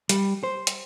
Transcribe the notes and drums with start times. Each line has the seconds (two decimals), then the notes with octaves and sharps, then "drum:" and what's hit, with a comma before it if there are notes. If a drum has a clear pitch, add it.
0.09 G3, drum: hi-hat
0.43 C5
0.67 drum: hi-hat